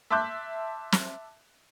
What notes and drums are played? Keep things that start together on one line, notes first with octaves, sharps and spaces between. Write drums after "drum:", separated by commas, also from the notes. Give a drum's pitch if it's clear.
E5 A5 C6 D6 F#6 G6
drum: snare